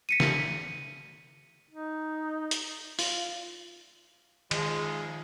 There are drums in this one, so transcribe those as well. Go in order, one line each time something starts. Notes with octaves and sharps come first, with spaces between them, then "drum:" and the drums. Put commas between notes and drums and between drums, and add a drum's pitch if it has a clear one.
B6 C#7 D#7
drum: snare
D#4
drum: hi-hat
F4, drum: open hi-hat
D#3 F3 G#3, drum: cymbal